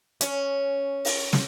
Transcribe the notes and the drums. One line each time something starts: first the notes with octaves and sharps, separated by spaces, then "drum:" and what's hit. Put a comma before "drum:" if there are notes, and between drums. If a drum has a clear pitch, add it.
C#4, drum: hi-hat
drum: open hi-hat
drum: snare